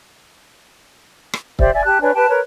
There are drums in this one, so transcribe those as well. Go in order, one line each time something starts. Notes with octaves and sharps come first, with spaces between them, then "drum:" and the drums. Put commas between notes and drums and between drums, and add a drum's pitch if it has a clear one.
drum: rim click
G4 C5 D5 E5, drum: kick
D5 E5 G#5
G4 A5 F#6
D4 B4 C#5 G#5
G4 B4 G5 A5
A#4 B4 C#5